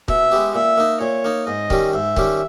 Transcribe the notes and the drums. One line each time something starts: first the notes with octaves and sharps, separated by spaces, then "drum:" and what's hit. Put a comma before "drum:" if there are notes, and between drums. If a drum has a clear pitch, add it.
B2 E5, drum: kick C#1
G#3 B3 G4
A#2 E5
A#3 D#4
A#2 C#5
A#3 D#4
G#2 D#5
D#3 G3 C#4 G4, drum: kick C#1
G#2 E5
D#3 G3 C#4 G4, drum: kick C#1